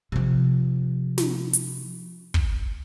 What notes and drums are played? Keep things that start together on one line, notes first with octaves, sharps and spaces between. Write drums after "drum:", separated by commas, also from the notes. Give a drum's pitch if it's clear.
C3 F3
drum: snare
drum: hi-hat
drum: kick